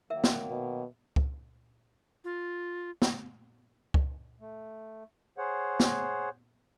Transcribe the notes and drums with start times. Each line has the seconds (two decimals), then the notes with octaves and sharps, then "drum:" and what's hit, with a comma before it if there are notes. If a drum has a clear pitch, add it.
0.10 D#3 F#3 A#3 A#4 E5
0.24 drum: snare
0.50 B2
1.16 drum: kick C#2
2.24 F4
3.02 drum: snare
3.94 drum: kick C#2
4.41 A3
5.38 G#4 C5 C#5 F#5
5.80 drum: snare